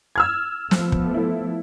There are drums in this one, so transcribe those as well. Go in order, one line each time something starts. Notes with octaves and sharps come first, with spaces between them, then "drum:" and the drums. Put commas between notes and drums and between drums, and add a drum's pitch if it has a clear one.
E6 F6 G#6
F3 A3 B3, drum: snare
drum: kick
E4 A4